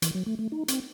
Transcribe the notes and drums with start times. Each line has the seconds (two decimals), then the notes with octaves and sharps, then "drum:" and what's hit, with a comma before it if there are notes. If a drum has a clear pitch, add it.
0.02 E3, drum: hi-hat
0.15 F#3
0.26 A3
0.39 A3
0.52 D#4
0.68 C4, drum: hi-hat